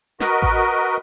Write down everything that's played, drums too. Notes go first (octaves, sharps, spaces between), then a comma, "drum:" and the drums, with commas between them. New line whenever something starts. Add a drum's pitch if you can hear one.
F#4 A#4 B4 D#5, drum: snare
drum: kick A1